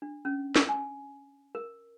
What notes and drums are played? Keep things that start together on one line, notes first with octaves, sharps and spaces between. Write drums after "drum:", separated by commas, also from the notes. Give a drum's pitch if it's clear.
D4
C#4
drum: snare
G#5
A#4